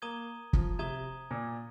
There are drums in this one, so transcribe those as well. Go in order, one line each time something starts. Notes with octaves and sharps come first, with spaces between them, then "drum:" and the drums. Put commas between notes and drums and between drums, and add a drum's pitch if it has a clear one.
A#3 A#5 D#6 G#6 D#7 G7
F3, drum: kick
C3 A#5 D#6 G#6 D#7 G7
A#2